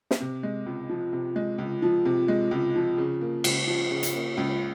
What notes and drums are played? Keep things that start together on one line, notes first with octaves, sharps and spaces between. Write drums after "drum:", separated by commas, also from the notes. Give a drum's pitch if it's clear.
drum: snare
C3
G#3
C#2
F3
C3
G#3
C#2
F3
C3
G#3
C#2
F3
C#3
A#3
C#2, drum: cymbal
F3
C#3
drum: hi-hat
A#3
C#2